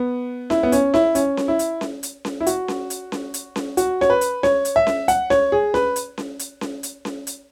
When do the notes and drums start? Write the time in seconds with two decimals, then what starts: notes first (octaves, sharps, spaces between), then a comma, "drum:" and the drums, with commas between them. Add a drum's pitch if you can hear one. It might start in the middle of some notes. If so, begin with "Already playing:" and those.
Already playing: B3
0.50 E4, drum: snare C#4
0.63 B3
0.72 C#4, drum: hi-hat
0.94 E4, drum: snare C#4
1.15 C#4, drum: hi-hat
1.37 drum: snare C#4
1.48 E4
1.59 drum: hi-hat
1.81 drum: snare C#4
2.03 drum: hi-hat
2.25 drum: snare C#4
2.40 E4
2.47 F#4, drum: hi-hat
2.68 drum: snare C#4
2.90 drum: hi-hat
3.12 drum: snare C#4
3.34 drum: hi-hat
3.56 drum: snare C#4
3.77 F#4, drum: hi-hat
4.01 C#5, drum: snare C#4
4.10 B4
4.21 drum: hi-hat
4.43 C#5, drum: snare C#4
4.65 drum: hi-hat
4.76 E5
4.87 drum: snare C#4
5.08 F#5, drum: hi-hat
5.30 C#5, drum: snare C#4
5.52 G#4
5.74 B4, drum: snare C#4
5.96 drum: hi-hat
6.18 drum: snare C#4
6.39 drum: hi-hat
6.61 drum: snare C#4
6.83 drum: hi-hat
7.05 drum: snare C#4
7.27 drum: hi-hat